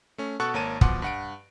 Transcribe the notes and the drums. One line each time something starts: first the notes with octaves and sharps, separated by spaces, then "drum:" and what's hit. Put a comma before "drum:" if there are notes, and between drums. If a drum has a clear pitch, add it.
A3 C#4
B2 A4 F#5 C#6 F#6 A6
G#1 A#3 C#5 A5 D#7
B2 F3 F#5 C6 D6, drum: kick
G2 F#5 D7